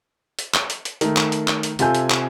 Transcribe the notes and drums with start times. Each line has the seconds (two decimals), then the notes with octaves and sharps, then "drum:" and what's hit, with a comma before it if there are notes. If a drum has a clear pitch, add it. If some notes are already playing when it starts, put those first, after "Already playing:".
0.39 drum: hi-hat
0.54 drum: clap
0.70 drum: hi-hat
0.85 drum: hi-hat
1.01 D#3 A3, drum: hi-hat
1.17 drum: clap
1.32 drum: hi-hat
1.48 drum: clap
1.63 drum: hi-hat
1.79 C3 F4 A4 G#5 G6, drum: hi-hat
1.95 drum: hi-hat
2.10 drum: clap